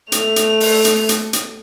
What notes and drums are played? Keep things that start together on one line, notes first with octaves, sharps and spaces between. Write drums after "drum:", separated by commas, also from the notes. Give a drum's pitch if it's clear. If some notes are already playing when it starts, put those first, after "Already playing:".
A3 F7, drum: hi-hat
drum: hi-hat
drum: open hi-hat
drum: hi-hat
drum: hi-hat
drum: hi-hat